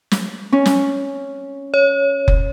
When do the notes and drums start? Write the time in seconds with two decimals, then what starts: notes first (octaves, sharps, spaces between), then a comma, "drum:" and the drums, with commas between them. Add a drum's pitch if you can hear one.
0.11 drum: snare
0.52 C#4
0.66 drum: snare
1.74 C#5
2.28 drum: kick F1